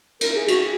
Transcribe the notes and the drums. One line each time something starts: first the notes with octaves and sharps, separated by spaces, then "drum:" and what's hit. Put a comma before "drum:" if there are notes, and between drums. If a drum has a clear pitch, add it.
A#4, drum: cymbal
G#4
F#4, drum: cymbal
G#4